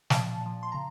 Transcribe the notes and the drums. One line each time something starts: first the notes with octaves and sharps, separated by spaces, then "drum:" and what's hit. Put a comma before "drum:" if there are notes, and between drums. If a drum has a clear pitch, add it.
A#2 F3 A5, drum: snare
A#2 F3
C6
C#3 A#5